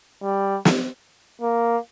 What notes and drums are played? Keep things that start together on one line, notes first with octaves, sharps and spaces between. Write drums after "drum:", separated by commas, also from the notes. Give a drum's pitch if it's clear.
G3
drum: snare
A#3